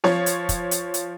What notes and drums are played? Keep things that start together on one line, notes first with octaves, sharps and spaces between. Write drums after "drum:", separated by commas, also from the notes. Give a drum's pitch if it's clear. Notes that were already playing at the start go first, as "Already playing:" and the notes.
F3 C#5, drum: snare
drum: hi-hat
drum: kick, hi-hat
drum: hi-hat
drum: hi-hat